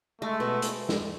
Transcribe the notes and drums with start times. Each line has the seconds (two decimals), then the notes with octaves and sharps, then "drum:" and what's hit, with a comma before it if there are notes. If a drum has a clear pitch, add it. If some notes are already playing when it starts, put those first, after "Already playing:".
0.22 G#3 A3
0.40 B2
0.62 drum: hi-hat
0.89 drum: snare